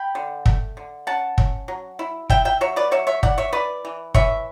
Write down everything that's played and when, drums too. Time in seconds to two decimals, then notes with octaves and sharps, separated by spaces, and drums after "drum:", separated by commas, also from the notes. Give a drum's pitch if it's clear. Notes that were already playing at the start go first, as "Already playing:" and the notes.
Already playing: G5 B5
0.15 D3
0.46 A3, drum: kick
0.77 D3
1.07 C#4 F#5 A5
1.38 C#4, drum: kick
1.68 F#3
1.99 E4
2.30 E4 E5 G5, drum: kick
2.45 E5 G5
2.61 F#3 C#5 E5
2.76 B4 D5
2.91 F#3 C#5 E5
3.07 C#5 E5
3.23 E4 D5 F#5, drum: kick
3.38 C#5 E5
3.53 E3 B4 D5
3.85 E3
4.14 E3 C#5 E5, drum: kick